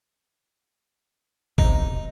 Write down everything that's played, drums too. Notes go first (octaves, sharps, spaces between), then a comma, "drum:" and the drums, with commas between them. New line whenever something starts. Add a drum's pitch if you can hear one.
E1 B1 C3 D#4, drum: kick A1